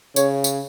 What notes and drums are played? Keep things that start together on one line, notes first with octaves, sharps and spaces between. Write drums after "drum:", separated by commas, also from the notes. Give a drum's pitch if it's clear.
C#3 C#5, drum: tambourine
drum: tambourine